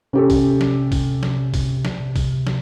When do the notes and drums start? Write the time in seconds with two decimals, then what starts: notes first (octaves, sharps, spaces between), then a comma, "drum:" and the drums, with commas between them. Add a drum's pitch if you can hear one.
0.13 C3 C#4 G4 A4
0.30 drum: kick, open hi-hat
0.61 drum: snare
0.92 drum: kick, open hi-hat
1.23 drum: snare
1.54 drum: kick, open hi-hat
1.85 drum: snare
2.00 C3
2.16 drum: kick, open hi-hat
2.47 drum: snare